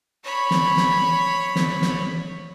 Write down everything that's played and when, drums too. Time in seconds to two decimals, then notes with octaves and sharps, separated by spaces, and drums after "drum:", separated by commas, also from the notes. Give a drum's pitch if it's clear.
0.24 C#5 B5
0.51 drum: snare
0.77 drum: snare
1.56 drum: snare
1.82 drum: snare